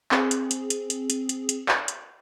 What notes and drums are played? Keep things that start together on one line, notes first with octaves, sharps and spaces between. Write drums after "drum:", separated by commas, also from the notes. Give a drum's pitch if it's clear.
C4 G#4, drum: clap
drum: hi-hat
drum: hi-hat
drum: hi-hat
drum: hi-hat
drum: hi-hat
drum: hi-hat
drum: hi-hat
drum: clap
drum: hi-hat